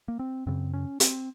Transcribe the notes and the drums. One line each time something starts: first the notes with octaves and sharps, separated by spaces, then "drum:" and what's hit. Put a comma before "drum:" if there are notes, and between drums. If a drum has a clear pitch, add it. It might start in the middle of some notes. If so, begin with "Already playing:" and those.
A#3
C4
F#2 C#3 C4
C#4
C4, drum: hi-hat